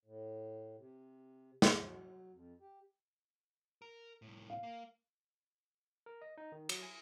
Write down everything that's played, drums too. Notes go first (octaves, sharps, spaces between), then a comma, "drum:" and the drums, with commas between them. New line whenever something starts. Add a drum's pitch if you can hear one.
A2
C3
drum: snare
F#3
F2
G4
A#4
C2 A2
F5
A#3
A#4
D#5
D#4
D#3
F#3, drum: cymbal
G#5